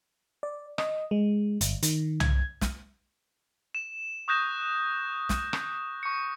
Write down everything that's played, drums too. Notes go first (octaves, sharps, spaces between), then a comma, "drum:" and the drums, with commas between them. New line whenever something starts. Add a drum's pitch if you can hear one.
D5
D#5, drum: rim click
G#3
G1, drum: hi-hat
D#3, drum: hi-hat
G#6, drum: tom C2
drum: snare
E7
C#6 D#6 F#6 G6 A#6 E7
drum: snare
drum: rim click
C#6 C#7